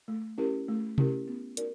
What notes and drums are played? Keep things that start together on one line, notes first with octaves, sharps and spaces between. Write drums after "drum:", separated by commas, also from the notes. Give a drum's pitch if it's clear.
A3
C#4 E4 G4 A#4
A3
C#4 E4 G4 A#4, drum: tom C3
B3
D#4 F#4 A#4 D5, drum: hi-hat